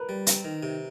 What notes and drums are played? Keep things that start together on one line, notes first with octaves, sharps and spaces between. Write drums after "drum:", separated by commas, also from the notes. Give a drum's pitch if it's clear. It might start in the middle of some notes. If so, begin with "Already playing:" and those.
Already playing: A#4 B4
G3
C4, drum: hi-hat
D#3
C3